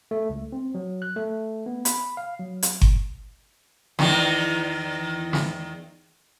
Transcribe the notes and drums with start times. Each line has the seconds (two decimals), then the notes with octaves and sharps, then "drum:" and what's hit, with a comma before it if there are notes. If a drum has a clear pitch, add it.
0.11 A3
0.29 C#2
0.52 C4
0.75 F#3
1.02 F#6
1.16 A3
1.66 B3
1.85 B5, drum: hi-hat
2.17 F5
2.39 F#3
2.63 drum: hi-hat
2.82 drum: kick G1
3.99 E2 D#3, drum: snare
5.33 drum: snare